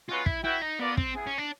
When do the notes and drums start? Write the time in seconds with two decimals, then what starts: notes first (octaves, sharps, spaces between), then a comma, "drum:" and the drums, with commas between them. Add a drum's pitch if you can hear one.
0.09 G#3 C#4 F4 F#4 B4
0.26 E4, drum: kick
0.44 E4 F#4 B4 E5 G5
0.62 D#4
0.79 B3 F4 A#4 D5
0.97 C4, drum: kick
1.15 B3 E4 G#4
1.27 C#4
1.38 D4